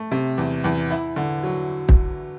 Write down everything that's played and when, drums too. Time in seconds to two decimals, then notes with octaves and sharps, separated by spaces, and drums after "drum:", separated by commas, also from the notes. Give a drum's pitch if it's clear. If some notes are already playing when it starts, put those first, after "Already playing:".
Already playing: A3
0.12 C3
0.38 E2
0.64 E2
0.91 E4
1.16 D3
1.43 F#3
1.89 drum: kick